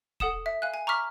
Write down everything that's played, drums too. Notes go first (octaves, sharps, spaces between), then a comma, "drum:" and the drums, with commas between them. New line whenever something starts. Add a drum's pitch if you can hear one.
A4 F#5 D#6 E7, drum: kick
E5
F5 G#5 F#6
G#5
A#5 C#6 D6 F6 B6